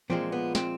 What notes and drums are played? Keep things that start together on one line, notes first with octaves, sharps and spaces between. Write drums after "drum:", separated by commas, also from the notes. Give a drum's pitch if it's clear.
A#2 F3 G#3 C4, drum: tom E3
B3
C4, drum: snare